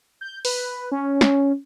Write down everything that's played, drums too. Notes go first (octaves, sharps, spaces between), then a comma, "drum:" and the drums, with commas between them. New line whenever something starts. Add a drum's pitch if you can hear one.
G6
B4, drum: open hi-hat
C#4
drum: snare